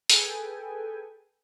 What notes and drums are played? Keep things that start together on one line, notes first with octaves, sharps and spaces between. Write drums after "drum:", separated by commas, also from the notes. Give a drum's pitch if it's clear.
G#4 A4 B4 G5 G#5, drum: hi-hat